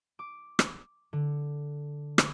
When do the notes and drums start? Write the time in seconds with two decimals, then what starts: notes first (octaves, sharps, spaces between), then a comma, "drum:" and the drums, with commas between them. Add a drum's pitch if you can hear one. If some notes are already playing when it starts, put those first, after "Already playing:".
0.19 D6
0.59 drum: rim click
1.13 D3
2.18 drum: rim click